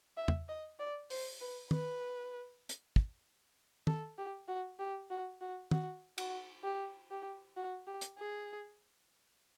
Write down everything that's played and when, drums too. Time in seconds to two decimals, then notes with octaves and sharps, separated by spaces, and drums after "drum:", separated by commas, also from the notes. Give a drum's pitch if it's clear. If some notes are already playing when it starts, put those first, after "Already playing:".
0.17 E5
0.28 drum: tom
0.49 D#5
0.80 D5
1.10 C5, drum: open hi-hat
1.41 B4
1.71 B4, drum: tom
2.69 drum: hi-hat
2.96 drum: kick
3.87 A4, drum: tom
4.18 G4
4.48 F#4
4.79 G4
5.10 F#4
5.41 F#4
5.71 F#4, drum: tom
6.18 F#4, drum: cymbal
6.64 G4
7.11 G4
7.57 F#4
7.87 G4
8.01 drum: hi-hat
8.18 G#4